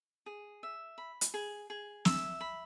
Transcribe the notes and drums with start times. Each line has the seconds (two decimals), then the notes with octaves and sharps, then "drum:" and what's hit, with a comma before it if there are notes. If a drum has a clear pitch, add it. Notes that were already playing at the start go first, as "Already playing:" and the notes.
0.26 G#4
0.63 E5
0.98 B5
1.21 drum: hi-hat
1.34 G#4
1.70 G#4
2.05 E5, drum: snare
2.41 B5